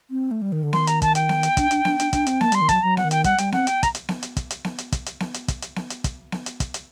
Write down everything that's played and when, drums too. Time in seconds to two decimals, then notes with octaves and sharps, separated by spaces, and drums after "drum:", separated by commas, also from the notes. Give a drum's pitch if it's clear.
0.10 C4
0.31 A3
0.42 G3
0.52 D#3
0.63 D3
0.73 D#3 C6, drum: snare B3
0.87 A#5, drum: hi-hat
1.02 A5, drum: kick, hi-hat
1.15 G5, drum: hi-hat
1.29 drum: snare B3
1.43 drum: hi-hat
1.57 D4, drum: kick, hi-hat
1.71 D4, drum: hi-hat
1.85 D4, drum: snare B3
2.00 D4, drum: hi-hat
2.13 D4, drum: kick, hi-hat
2.27 C4, drum: hi-hat
2.41 A#3 A5, drum: snare B3
2.52 G3 C6, drum: hi-hat
2.62 D#3
2.69 F#3 A5, drum: kick, hi-hat
2.83 F#3 A#5
2.97 F#5, drum: snare B3
3.04 D#3
3.11 G5, drum: hi-hat
3.24 G3 F#5, drum: kick, hi-hat
3.38 G3 G5, drum: hi-hat
3.52 C4 F#5, drum: snare B3
3.67 G5, drum: hi-hat
3.83 A#5, drum: kick, hi-hat
3.95 drum: hi-hat
4.09 drum: snare B3
4.23 drum: hi-hat
4.37 drum: kick, hi-hat
4.51 drum: hi-hat
4.64 drum: snare B3
4.78 drum: hi-hat
4.92 drum: kick, hi-hat
5.06 drum: hi-hat
5.20 drum: snare B3
5.34 drum: hi-hat
5.48 drum: kick, hi-hat
5.62 drum: hi-hat
5.76 drum: snare B3
5.90 drum: hi-hat
6.04 drum: kick, hi-hat
6.32 drum: snare B3
6.46 drum: hi-hat
6.60 drum: kick, hi-hat
6.74 drum: hi-hat